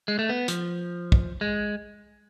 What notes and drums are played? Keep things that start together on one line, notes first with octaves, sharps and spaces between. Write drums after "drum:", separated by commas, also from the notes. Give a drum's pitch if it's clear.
G#3
A3
B3
F3, drum: hi-hat
drum: kick
G#3